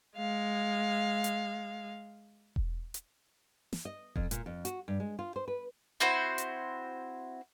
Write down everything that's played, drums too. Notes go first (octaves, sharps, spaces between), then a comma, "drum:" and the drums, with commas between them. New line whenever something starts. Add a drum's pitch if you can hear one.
G#3 F5
drum: hi-hat
drum: kick E1
drum: hi-hat
drum: snare
D#5
F2, drum: kick E1
A#2, drum: hi-hat
F2
F#4, drum: hi-hat
G2
G#3
F4
C5
B4
C4 E4 F#4 C5
drum: hi-hat